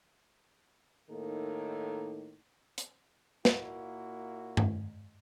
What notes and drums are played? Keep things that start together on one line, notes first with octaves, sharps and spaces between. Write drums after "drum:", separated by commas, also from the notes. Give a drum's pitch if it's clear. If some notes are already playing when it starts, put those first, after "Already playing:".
A2 D#3 A#3 D#4 A4
drum: hi-hat
A#2 A#3 E4 F#4, drum: snare
drum: tom G2